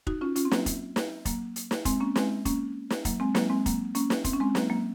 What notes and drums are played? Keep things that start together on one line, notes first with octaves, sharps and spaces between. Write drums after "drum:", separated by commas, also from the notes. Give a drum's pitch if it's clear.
D#4 F#4, drum: kick F1
C#4 F4
C#4 F4, drum: hi-hat
C4
F#3 A#3, drum: snare
drum: kick F1, hi-hat
drum: snare
F#3 A#3, drum: kick F1, hi-hat
drum: hi-hat
drum: snare
G#3 C4, drum: kick F1, hi-hat
A#3 C#4
G#3 C4, drum: snare
A#3 C#4, drum: kick F1, hi-hat
drum: snare
F#3 A#3, drum: kick F1, hi-hat
G#3 C4
F#3 A#3, drum: snare
G#3 C4
F#3 A#3, drum: kick F1, hi-hat
A#3 C#4, drum: hi-hat
drum: snare
C4, drum: kick F1, hi-hat
C#4
G#3 C4
F#3 A#3, drum: snare
F#3 A#3